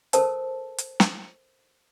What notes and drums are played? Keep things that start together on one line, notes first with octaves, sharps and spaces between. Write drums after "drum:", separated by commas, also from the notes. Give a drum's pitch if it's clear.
A4 A#4 C5 A5 E6, drum: hi-hat
drum: hi-hat
drum: snare